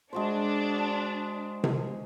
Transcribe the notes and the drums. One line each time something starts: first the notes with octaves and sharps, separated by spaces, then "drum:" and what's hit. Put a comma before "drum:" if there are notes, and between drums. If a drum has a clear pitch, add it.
G#3 D4 F#4 C5
drum: tom C3